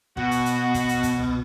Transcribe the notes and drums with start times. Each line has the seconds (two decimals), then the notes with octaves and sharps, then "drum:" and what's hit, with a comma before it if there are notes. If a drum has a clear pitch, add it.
0.17 B2 F#4, drum: kick
0.31 drum: hi-hat
0.46 drum: hi-hat
0.74 drum: kick, hi-hat
0.89 drum: hi-hat
1.03 drum: kick, hi-hat
1.17 drum: tom